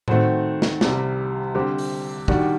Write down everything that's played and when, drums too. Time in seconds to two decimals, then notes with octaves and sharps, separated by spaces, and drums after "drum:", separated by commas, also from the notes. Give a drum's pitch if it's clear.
0.08 D#3 A3 C4 F#4 C5, drum: tom A2
0.62 drum: snare
0.81 C2 C3 G3, drum: snare
1.55 D3 G3 C4 G4 C5
1.78 drum: open hi-hat
2.28 D#3 G3 D4 F#4, drum: kick